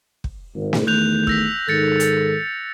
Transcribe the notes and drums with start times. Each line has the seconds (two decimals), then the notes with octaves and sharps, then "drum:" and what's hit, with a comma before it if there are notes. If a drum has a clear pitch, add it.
0.24 drum: kick
0.55 G#1
0.73 drum: snare
0.87 E2 D#3 A3 F#6 G6 F7
1.27 E6 A#6 B6, drum: kick
1.69 G#2 D#3 A4 A6 C#7
2.00 drum: hi-hat